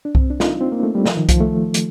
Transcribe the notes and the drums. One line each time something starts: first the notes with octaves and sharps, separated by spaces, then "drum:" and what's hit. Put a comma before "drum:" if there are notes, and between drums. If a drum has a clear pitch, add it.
D4
C4, drum: kick C2
D4
F4, drum: snare
D#4
C4
A#3
A3
G3
F3, drum: snare
D#3
F3, drum: kick C2, hi-hat
A3
drum: hi-hat